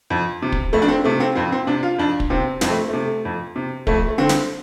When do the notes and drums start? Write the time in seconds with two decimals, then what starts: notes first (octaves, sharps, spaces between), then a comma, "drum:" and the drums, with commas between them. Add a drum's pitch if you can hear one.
0.10 F2
0.42 C3
0.52 drum: kick
0.73 F2 A3
0.82 D4
0.88 C4
1.04 C3 A3
1.20 C4
1.36 F2 C4
1.52 C4
1.67 C3 D4
1.83 F4
1.98 F2 D4
2.20 drum: kick
2.30 C3 C4
2.61 F2 C4, drum: snare
2.70 A3
2.89 C3 A3
3.25 F2
3.56 C3
3.87 F2 A3, drum: kick
4.08 A3
4.18 D3 C4
4.29 drum: snare